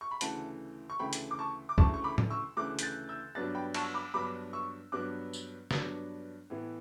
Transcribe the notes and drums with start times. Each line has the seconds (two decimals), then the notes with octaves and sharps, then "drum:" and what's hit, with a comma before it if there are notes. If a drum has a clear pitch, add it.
0.01 C#6
0.11 B5
0.21 D2 C#3 E3 A3 F#5 A5, drum: hi-hat
0.90 C#6
0.99 D2 C#3 E3 A3 G5 B5
1.13 drum: hi-hat
1.31 D6
1.39 A5 C#6
1.69 D6
1.78 D2 C#3 E3 A3 A5 C#6, drum: kick C2
1.94 C#6
2.04 B5 D6
2.18 drum: tom
2.30 C#6 E6
2.57 D2 C#3 E3 A3 D6 F#6
2.79 G6, drum: hi-hat
2.83 F#6 A6
3.09 E6 G6
3.35 G2 F#3 B3 D4 F#6 A6
3.55 G5 B5
3.74 A5 C#6, drum: cymbal
3.94 B5 D6
4.14 G2 F#3 B3 D4 B5 D6
4.53 C#6 E6
4.92 G2 F#3 B3 D4 D6 F#6
5.33 drum: tambourine
5.71 G2 F#3 B3 D4, drum: snare
6.50 A2 E3 B3